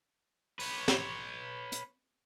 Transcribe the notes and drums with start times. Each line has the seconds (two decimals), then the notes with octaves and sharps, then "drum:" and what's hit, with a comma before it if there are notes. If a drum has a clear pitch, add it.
0.60 B4 C#5, drum: open hi-hat
0.88 drum: snare
1.72 drum: hi-hat